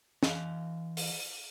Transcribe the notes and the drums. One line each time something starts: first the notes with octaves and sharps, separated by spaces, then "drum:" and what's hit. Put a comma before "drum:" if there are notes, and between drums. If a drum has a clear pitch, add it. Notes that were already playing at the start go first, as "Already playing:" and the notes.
E3 D#5 F5, drum: snare
drum: open hi-hat